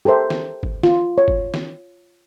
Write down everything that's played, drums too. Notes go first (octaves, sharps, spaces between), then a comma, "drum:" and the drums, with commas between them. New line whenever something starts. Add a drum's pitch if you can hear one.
G4 A4 A#4 C5 E5
drum: snare
drum: kick G1
F4, drum: snare
C#5
drum: kick G1
drum: snare